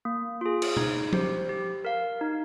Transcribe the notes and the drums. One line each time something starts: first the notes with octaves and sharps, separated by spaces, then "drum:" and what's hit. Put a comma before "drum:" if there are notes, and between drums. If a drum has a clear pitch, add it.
A#3
F4 G#4
drum: cymbal
D#4, drum: tom
G4 C5, drum: tom F3
G4
A#4 F5
D#4